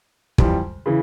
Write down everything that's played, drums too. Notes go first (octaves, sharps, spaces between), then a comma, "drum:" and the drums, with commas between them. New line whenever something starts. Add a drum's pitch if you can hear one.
F2 E3 G3, drum: kick
C#3 E3